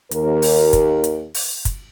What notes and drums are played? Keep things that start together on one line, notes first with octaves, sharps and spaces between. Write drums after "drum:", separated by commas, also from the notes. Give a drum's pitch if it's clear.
D#2 A#4, drum: hi-hat
drum: open hi-hat
drum: kick, hi-hat
drum: hi-hat
drum: open hi-hat
drum: kick, hi-hat